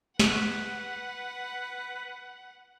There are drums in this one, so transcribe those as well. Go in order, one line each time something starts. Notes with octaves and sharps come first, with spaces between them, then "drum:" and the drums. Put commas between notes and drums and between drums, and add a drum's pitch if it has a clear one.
B4 F#5, drum: snare